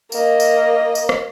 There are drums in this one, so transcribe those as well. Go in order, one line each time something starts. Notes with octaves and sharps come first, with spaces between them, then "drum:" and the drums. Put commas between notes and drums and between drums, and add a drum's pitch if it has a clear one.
A#3 D#5, drum: tambourine
drum: tambourine
drum: tambourine
drum: rim click